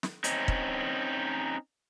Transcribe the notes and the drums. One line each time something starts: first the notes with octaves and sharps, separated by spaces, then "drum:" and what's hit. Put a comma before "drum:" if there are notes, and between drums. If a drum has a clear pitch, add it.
drum: snare
C4 C#4 D#4, drum: hi-hat
drum: kick